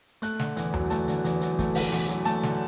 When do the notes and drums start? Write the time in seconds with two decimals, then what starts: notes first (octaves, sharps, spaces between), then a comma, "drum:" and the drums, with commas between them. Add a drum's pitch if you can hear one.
0.22 A3 F#6, drum: hi-hat
0.39 D3, drum: snare
0.57 E2, drum: hi-hat
0.74 F#3, drum: tom E2
0.90 A3 A5, drum: hi-hat
1.08 D3, drum: hi-hat
1.24 E2, drum: hi-hat
1.41 F#3, drum: hi-hat
1.59 A3, drum: kick, hi-hat
1.75 D3, drum: open hi-hat
1.92 E2, drum: snare
2.09 F#3, drum: hi-hat
2.25 A3 A5, drum: hi-hat
2.43 D3, drum: snare